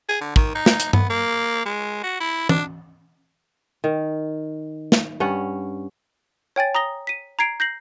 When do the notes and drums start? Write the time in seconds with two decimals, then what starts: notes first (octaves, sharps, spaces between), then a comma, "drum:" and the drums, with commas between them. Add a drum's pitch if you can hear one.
0.09 G#4
0.21 D3
0.36 D#3, drum: kick
0.55 D#4
0.66 drum: snare
0.80 drum: hi-hat
0.93 B3, drum: tom G2
1.09 A#3
1.65 G#3
2.03 F#4
2.20 E4
2.49 D4, drum: tom
3.84 D#3
4.92 drum: snare
5.20 G2 C#4 F#5
6.56 C#5 G5 G#5 A6
6.75 A#5 D#6 A#6 G7
7.07 B6 D#7
7.39 A#5 G#6 C7 D7
7.60 G6 A#6 C7 F#7